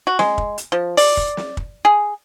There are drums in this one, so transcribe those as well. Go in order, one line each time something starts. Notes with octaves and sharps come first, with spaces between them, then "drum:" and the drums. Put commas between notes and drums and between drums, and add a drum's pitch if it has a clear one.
F#4
G#3, drum: snare
drum: kick
drum: hi-hat
F3
D5, drum: open hi-hat
drum: kick
drum: snare
drum: kick
G#4